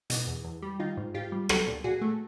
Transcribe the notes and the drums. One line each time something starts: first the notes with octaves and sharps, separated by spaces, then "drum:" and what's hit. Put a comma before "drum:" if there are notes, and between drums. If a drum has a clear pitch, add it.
B2, drum: hi-hat
E2
E2
G3
D#3 D#4 F4
G#2
G#2 F4 G4
G3
F#3 G4 A4, drum: rim click
A#2
A#2 F#4 G#4
A3